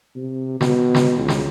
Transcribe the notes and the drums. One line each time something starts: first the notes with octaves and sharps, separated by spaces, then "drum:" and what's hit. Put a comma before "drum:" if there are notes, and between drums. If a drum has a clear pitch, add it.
C3
B2, drum: snare
drum: snare
C#2
drum: snare